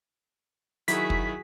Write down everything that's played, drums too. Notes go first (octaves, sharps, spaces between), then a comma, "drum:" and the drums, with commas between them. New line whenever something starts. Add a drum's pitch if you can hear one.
D#3 F#3 E4 F#4 G#4 B6, drum: hi-hat
drum: kick